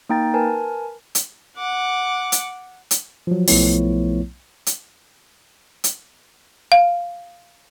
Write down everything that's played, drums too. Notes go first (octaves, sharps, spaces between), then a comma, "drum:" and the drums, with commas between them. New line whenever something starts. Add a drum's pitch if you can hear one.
A#3 D#4 G5 A#5 A6
A#4 B4 G#5 A5
drum: hi-hat
F#5 D6
drum: hi-hat
drum: hi-hat
F3 F#3
B1 F3 A3 B3 E4 C#5, drum: open hi-hat
drum: hi-hat
drum: hi-hat
F5